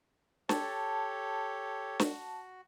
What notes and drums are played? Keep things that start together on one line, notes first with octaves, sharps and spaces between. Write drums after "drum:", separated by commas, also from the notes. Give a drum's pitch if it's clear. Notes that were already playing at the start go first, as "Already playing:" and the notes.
G4 A4 C#5 A5, drum: snare
F#4, drum: snare